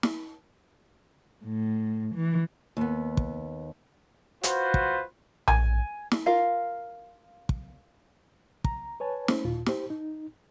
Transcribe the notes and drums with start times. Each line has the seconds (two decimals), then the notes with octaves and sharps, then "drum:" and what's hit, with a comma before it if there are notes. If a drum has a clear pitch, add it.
0.03 drum: snare
1.45 A2
2.15 E3
2.77 D#2 B3
3.17 drum: kick
4.43 F4 F#4 B4 C5, drum: hi-hat
4.74 drum: kick
5.48 G#5, drum: tom A#1
6.12 drum: snare
6.26 F4 A#4 F5
7.49 drum: kick
8.64 A#5, drum: kick
9.00 B4 C#5 G#5 A5
9.28 A3 C#4 C5, drum: snare
9.45 D#2 A#2 F4
9.67 G4 C5, drum: snare
9.90 D#4